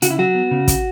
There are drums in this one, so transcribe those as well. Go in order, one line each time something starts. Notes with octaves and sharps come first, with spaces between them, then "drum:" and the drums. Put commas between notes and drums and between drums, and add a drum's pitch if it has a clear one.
C#3 F#4, drum: hi-hat
E4
F#3 F#4
B3
C#3
drum: kick, hi-hat